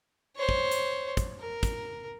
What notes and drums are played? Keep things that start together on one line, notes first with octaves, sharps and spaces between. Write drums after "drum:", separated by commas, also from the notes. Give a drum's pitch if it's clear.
C5 C#5
drum: kick
drum: hi-hat
drum: kick, hi-hat
A#4
drum: kick, hi-hat